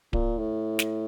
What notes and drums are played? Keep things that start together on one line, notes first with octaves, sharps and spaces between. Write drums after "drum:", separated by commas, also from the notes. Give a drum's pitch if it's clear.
A#2, drum: kick D1
A2
drum: snare